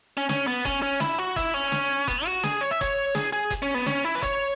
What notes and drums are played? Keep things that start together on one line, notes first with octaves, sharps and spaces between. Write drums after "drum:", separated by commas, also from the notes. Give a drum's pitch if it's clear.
C#4
C#4, drum: snare
B3
C#4, drum: kick F#1, hi-hat
C#4
E4, drum: snare
F#4
E4, drum: kick F#1, hi-hat
C#4
drum: snare
B3, drum: kick F#1, hi-hat
F#4
G#4, drum: snare
C#5
E5
C#5, drum: kick F#1, hi-hat
G#4, drum: snare
G#4
drum: kick F#1, hi-hat
C#4
B3
C#4, drum: snare
E4
B4
C#5, drum: kick F#1, hi-hat